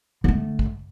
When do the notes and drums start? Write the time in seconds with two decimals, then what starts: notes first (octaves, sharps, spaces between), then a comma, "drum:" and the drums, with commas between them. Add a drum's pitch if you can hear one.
0.24 D3 A3
0.59 drum: kick